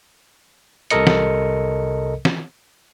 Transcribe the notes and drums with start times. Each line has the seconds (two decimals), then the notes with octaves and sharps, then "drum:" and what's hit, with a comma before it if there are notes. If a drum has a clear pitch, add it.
0.90 C2 C3 A4 A#4 D#5 C#7, drum: hi-hat
1.07 drum: snare
2.25 drum: snare